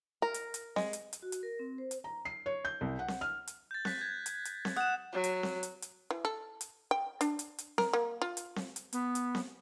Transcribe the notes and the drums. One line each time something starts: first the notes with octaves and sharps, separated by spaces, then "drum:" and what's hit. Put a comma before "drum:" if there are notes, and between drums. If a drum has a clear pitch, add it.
A#4
drum: hi-hat
drum: hi-hat
G#3, drum: snare C4
drum: hi-hat
drum: hi-hat
F#4
drum: hi-hat
A#4
C4
C5
drum: hi-hat
A#5
C7
C#5
G6
C2
F#5
drum: snare C4
F6
drum: hi-hat
G6 A6
F#6 B6, drum: snare C4
G#6
drum: hi-hat
drum: hi-hat
drum: snare C4
F#5 D#6 E7
F#3
drum: hi-hat
drum: snare C4
drum: hi-hat
drum: hi-hat
E3
A4
drum: hi-hat
G5
D4, drum: hi-hat
drum: hi-hat
drum: hi-hat
A#4, drum: snare C4
A#3
F4
drum: hi-hat
drum: snare C4
drum: hi-hat
B3, drum: hi-hat
drum: hi-hat
drum: snare C4